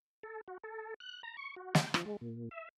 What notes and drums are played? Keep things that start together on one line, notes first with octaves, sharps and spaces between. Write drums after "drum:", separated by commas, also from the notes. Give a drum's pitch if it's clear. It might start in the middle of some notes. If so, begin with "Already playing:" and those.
A4
F#4
A4
F#6
A#5
C#6
F#4
G5, drum: snare
F3, drum: rim click
G#3
A#2
E5